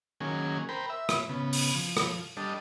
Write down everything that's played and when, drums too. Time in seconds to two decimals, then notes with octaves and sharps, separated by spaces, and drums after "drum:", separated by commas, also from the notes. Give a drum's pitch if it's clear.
0.21 D#3 F#3 A#3 C#4 G#4
0.69 A#4 C5 G5 B5
0.90 E5
1.09 drum: rim click
1.29 C#3 B3
1.53 drum: open hi-hat
1.75 F3
1.97 drum: rim click
2.37 G3 D4 A4 D#5